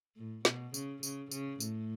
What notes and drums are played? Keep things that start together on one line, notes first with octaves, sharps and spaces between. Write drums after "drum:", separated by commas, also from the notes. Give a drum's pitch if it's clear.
A2
B2, drum: snare
C#3, drum: tambourine
C#3, drum: tambourine
C#3, drum: tambourine
A2, drum: tambourine